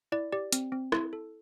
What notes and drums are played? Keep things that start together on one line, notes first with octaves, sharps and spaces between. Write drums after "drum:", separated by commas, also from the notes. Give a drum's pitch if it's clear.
E4 D5
G4 D5
C4, drum: hi-hat
C4
E4, drum: rim click
A4